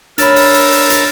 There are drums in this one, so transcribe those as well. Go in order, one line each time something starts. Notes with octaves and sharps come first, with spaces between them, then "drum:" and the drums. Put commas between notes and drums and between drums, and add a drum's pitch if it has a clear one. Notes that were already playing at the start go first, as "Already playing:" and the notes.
D4 A#4 C#5 B5 E6 A6, drum: hi-hat
drum: open hi-hat
drum: open hi-hat
drum: open hi-hat
drum: hi-hat